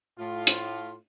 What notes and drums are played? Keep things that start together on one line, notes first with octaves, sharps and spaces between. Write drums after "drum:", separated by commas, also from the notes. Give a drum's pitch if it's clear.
A2 F4
drum: hi-hat